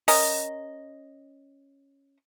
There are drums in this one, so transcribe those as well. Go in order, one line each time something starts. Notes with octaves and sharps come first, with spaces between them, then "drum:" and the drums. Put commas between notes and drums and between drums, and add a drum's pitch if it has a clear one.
C#4 A#4 D#5, drum: open hi-hat